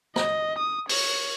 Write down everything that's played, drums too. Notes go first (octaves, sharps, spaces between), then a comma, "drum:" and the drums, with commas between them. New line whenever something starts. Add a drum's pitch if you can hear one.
D#5, drum: rim click
D#6
C#5, drum: open hi-hat